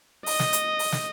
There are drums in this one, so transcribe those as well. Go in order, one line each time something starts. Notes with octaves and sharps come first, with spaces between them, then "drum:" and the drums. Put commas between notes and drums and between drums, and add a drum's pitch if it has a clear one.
D#5, drum: open hi-hat
drum: snare
drum: hi-hat
drum: open hi-hat
drum: snare